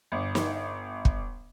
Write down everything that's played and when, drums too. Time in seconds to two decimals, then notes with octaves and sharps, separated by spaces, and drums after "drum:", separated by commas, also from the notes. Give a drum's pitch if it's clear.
0.12 G1
0.35 drum: snare
1.05 drum: kick